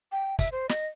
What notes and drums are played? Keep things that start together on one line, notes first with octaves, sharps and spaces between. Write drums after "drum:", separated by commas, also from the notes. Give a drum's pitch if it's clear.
G5
E5, drum: kick, hi-hat
C5
D#5, drum: snare